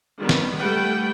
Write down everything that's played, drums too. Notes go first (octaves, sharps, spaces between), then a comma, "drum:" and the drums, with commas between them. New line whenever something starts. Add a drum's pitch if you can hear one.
D#3 G3 B3
drum: snare
G3 A3 B4 F#5 G5